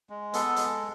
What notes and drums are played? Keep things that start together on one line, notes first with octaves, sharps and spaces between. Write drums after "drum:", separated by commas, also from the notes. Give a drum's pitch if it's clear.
G#3
B3 A4, drum: hi-hat
G#3, drum: hi-hat